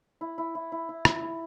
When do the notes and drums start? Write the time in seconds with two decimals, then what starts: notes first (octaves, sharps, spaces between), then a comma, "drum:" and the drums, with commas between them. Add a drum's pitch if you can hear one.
0.21 E4
0.38 E4
0.55 E4
0.72 E4
0.89 E4
1.05 E4, drum: rim click
1.22 E4